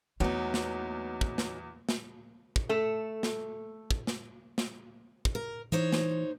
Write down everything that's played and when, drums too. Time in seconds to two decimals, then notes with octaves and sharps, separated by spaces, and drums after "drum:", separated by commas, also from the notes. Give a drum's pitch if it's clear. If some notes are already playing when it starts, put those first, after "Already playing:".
0.20 E2 F#3 A3 A#3 D#4
0.54 drum: snare
1.21 drum: kick
1.38 drum: snare
1.89 drum: snare
2.56 drum: kick
2.69 A3 A4
3.23 drum: snare
3.91 drum: kick
4.07 drum: snare
4.58 drum: snare
5.25 drum: kick
5.35 A#4
5.72 E3 D#4 C5 C#5
5.92 drum: snare